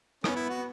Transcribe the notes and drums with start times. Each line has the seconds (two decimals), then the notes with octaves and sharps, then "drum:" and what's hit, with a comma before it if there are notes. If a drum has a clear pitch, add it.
0.24 B3 C#4, drum: rim click
0.36 E4
0.50 F#4